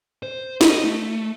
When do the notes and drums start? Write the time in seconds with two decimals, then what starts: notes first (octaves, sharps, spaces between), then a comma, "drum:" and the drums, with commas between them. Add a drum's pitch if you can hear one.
0.23 C5
0.61 D#5, drum: snare
0.84 A3